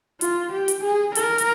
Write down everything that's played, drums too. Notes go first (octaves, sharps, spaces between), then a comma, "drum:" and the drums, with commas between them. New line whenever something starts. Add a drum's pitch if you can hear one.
F4, drum: hi-hat
G4
drum: hi-hat
G#4
A#4, drum: hi-hat
drum: hi-hat